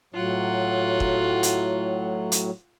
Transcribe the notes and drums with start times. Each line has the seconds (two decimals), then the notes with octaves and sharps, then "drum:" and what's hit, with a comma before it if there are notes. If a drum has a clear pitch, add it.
0.14 A2 F#3 F4 F#5
1.00 drum: kick
1.43 drum: hi-hat
2.32 drum: hi-hat